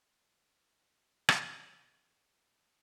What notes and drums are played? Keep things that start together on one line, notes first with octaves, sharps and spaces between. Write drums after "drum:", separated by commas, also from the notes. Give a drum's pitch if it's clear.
drum: rim click
F5
A3 A#3
C#3 F#3 B3 G4 F5 G#5 A5
C#3 F#3 B3 E4 F4
G#5 A5